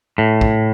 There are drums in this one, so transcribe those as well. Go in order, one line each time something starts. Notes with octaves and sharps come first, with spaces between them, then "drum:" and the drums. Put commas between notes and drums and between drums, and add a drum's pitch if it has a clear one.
A2
drum: kick